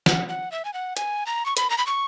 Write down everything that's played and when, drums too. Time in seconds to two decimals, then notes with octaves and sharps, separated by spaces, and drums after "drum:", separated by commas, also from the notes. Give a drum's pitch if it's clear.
0.06 F#5, drum: snare
0.29 F#5
0.52 E5
0.65 G#5
0.74 F#5
0.97 G#5, drum: hi-hat
1.27 A#5
1.46 C#6
1.57 B5, drum: hi-hat
1.70 A#5
1.78 B5
1.87 C#6